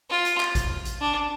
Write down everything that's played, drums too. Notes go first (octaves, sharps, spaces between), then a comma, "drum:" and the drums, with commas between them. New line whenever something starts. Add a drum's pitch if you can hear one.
F4
drum: hi-hat
drum: clap
drum: kick G#1, hi-hat
drum: hi-hat
D4